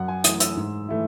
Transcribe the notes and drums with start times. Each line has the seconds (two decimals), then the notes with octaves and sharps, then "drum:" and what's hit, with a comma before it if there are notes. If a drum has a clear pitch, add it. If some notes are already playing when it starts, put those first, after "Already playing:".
Already playing: F#2 F#5
0.08 G#5
0.24 E3 A3 D#6, drum: hi-hat
0.40 E6, drum: hi-hat
0.57 G#2
0.89 E3 A3 E4